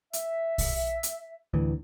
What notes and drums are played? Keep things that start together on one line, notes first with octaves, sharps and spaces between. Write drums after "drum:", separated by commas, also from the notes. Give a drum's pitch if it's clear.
E5, drum: hi-hat
drum: kick, open hi-hat
drum: hi-hat
D2 A2 E3